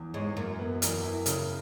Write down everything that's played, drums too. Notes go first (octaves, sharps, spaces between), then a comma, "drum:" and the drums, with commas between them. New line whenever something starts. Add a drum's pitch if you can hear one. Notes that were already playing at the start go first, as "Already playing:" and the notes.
Already playing: E2
G#2 C#5
F#2 A#3
B3
E2, drum: hi-hat
E4
C#3, drum: hi-hat